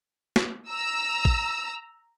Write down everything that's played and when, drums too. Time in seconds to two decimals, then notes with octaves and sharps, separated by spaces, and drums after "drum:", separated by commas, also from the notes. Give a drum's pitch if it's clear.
0.36 drum: snare
0.69 A#5 E6
1.25 drum: kick A1